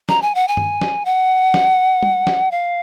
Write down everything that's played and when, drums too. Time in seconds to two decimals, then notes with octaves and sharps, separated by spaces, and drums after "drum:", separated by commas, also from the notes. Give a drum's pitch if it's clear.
0.09 A#5, drum: snare
0.22 G#5
0.35 F#5
0.48 G#5
0.57 drum: tom G2
0.81 drum: snare
1.05 F#5
1.54 drum: snare
2.03 drum: tom
2.27 drum: snare
2.51 F5